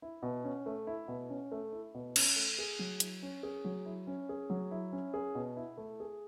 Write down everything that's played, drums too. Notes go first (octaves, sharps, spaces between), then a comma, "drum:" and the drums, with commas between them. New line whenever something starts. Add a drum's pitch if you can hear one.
E4
B2
C#4
A3
E4
B2
C#4
A3
E4
B2
C#4, drum: cymbal
A3
G#4
F#3
E4, drum: hi-hat
C#4
G#4
F#3
E4
C#4
G#4
F#3
E4
C#4
G#4
B2
E4
A3
G#4